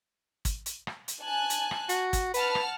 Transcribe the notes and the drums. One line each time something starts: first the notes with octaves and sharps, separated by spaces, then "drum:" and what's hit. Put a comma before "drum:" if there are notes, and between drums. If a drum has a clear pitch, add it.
drum: kick, hi-hat
drum: hi-hat
drum: rim click
drum: hi-hat
G#5 A5 F#6
drum: hi-hat
drum: rim click
F#4, drum: hi-hat
drum: kick, hi-hat
B4 F#5 A5 F6, drum: hi-hat
drum: rim click